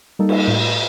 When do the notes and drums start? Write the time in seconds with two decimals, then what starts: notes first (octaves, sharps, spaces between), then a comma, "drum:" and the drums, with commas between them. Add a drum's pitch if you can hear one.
0.19 G3 A#3 D#4 A4
0.29 drum: cymbal
0.48 A2